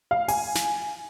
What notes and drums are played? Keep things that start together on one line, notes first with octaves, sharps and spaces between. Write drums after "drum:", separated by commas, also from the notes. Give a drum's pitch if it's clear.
F5
G#5, drum: open hi-hat
drum: snare